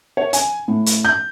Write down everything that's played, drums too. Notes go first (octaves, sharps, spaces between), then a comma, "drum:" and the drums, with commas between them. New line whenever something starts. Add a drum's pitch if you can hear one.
C#5
G#5, drum: hi-hat
A2
drum: hi-hat
G6